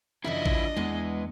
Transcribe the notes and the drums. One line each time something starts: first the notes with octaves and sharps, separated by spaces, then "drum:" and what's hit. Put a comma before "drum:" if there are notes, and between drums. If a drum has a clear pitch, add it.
F#2 C#3 F3 D4 E4 F4 D#5 E5
drum: kick G#1
E2 E3 G#3 B3